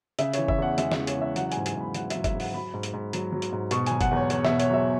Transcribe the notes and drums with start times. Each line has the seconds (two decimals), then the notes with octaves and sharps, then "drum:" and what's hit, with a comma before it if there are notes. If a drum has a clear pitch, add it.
0.19 C#3 E5, drum: hi-hat
0.33 E3 C#5, drum: hi-hat
0.48 E5, drum: kick
0.58 E2 F#5
0.78 G#3 E5, drum: hi-hat
0.92 E5, drum: snare
0.97 C#3
1.07 C#5, drum: hi-hat
1.17 E3 E5
1.36 F#3 F#5, drum: hi-hat
1.46 F#5
1.52 G#2 G#5, drum: hi-hat
1.66 G#5, drum: hi-hat
1.76 G#2 B5
1.94 F#3 F#5, drum: hi-hat
2.10 F#3 E5, drum: hi-hat
2.24 E5, drum: kick, hi-hat
2.35 G#2
2.40 F#5, drum: open hi-hat
2.54 F#3 B5
2.74 G#2
2.83 drum: hi-hat
2.93 G#2
3.13 F#3, drum: hi-hat
3.33 F#3
3.42 drum: hi-hat
3.52 G#2
3.71 B2 C#6, drum: hi-hat
3.86 F#3 G#5, drum: hi-hat
4.01 F#5, drum: kick, hi-hat
4.11 E2 C#5
4.30 E2 C#5, drum: hi-hat
4.44 E5, drum: snare
4.50 B2
4.60 C#5, drum: hi-hat
4.70 F#3 E5